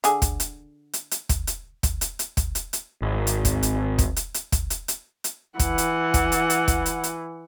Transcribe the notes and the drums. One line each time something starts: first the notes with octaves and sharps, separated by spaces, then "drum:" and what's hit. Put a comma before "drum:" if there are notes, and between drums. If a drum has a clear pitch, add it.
D3 G#4, drum: hi-hat
drum: kick, hi-hat
drum: hi-hat
drum: hi-hat
drum: hi-hat
drum: kick, hi-hat
drum: hi-hat
drum: kick, hi-hat
drum: hi-hat
drum: hi-hat
drum: kick, hi-hat
drum: hi-hat
drum: hi-hat
G#1
drum: hi-hat
drum: kick, hi-hat
drum: hi-hat
drum: kick, hi-hat
drum: hi-hat
drum: hi-hat
drum: kick, hi-hat
drum: hi-hat
drum: hi-hat
drum: hi-hat
E3 F#5, drum: kick, hi-hat
drum: hi-hat
drum: kick, hi-hat
drum: hi-hat
drum: hi-hat
drum: kick, hi-hat
drum: hi-hat
drum: hi-hat